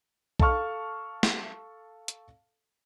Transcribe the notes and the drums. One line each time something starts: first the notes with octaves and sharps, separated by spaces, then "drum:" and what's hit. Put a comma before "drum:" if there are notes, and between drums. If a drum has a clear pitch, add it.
A4 F5 A5 C#6 F6, drum: kick B1
drum: snare
drum: hi-hat